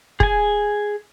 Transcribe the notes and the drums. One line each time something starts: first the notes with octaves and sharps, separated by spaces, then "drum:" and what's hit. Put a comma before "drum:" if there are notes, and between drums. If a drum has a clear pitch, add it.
G#4 G#5, drum: kick